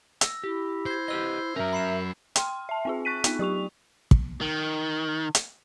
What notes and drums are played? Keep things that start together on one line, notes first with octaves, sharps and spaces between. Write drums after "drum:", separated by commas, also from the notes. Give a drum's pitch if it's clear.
E6 A#6, drum: hi-hat
E4 G4
C5 G6 G#6
G4 B4 D#5 E6 G7
F#3 C#4 A#4 E5 A#5
B5 C7 E7
G5 C6 F6, drum: hi-hat
E5 A5
C4 F4 G#4
C#6 F#6 B6 D#7
B3 D#4 F4, drum: hi-hat
F#3 G4 C#6 F7
drum: kick
D#3
drum: hi-hat